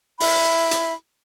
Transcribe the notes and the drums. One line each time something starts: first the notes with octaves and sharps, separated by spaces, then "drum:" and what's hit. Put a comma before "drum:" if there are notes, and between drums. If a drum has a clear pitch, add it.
E4 E5 B5, drum: open hi-hat
drum: hi-hat